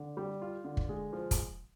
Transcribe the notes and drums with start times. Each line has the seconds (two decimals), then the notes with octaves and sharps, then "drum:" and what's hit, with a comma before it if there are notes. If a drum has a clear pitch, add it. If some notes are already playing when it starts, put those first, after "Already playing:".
Already playing: D3
0.17 G3
0.42 F4
0.64 D3
0.77 drum: kick
0.89 G#3
1.13 F3
1.31 drum: kick, hi-hat